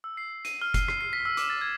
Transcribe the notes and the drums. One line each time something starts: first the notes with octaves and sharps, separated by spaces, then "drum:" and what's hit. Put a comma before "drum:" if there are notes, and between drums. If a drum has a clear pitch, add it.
E6
C7
D#7, drum: hi-hat
F6
C7, drum: kick F#1, hi-hat
C7, drum: rim click
C7
B6
E6
D6, drum: hi-hat
A6
G#6